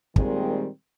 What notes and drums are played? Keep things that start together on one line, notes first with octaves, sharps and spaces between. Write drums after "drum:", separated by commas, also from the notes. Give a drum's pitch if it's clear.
A#2 D#3 G3 G#3 C4, drum: kick